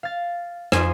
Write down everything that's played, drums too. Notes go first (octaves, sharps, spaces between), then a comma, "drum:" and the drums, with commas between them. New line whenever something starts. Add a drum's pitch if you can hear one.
F5 A6
F2 D#4 G#5 C6 E7, drum: rim click